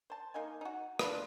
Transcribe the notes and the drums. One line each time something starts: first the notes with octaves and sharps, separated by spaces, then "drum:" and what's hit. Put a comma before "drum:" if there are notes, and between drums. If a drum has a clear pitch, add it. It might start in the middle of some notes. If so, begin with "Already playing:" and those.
C5 A5
A#3 D#4 D#5 G#5
D#4 F#4
D4 F4 B4, drum: rim click